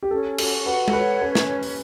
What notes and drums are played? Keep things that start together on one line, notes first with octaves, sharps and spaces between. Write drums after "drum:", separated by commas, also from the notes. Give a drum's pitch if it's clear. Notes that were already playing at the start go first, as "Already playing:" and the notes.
G4
C#4 A4
F#4 A4, drum: cymbal
B4 F#5
A4, drum: tom G#3
B4 C#5
C#4 B4
drum: snare
drum: open hi-hat